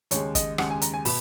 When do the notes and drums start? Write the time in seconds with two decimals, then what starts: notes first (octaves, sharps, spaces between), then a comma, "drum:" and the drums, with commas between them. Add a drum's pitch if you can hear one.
0.11 D#2 C#3 G#3 C#5, drum: hi-hat
0.35 D#5, drum: kick, hi-hat
0.58 D#2 C#3 G#3 F#5, drum: rim click
0.70 G#5
0.82 A#5, drum: hi-hat
0.94 G#5
1.05 B2 B5, drum: open hi-hat